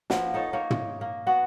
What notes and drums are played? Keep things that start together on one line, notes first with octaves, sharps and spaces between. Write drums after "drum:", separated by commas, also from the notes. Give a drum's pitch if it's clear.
F3 A#3 B3, drum: snare
D#4 A4 C#5
A#3 D#4 C#5
drum: tom
A#3
B3 F#4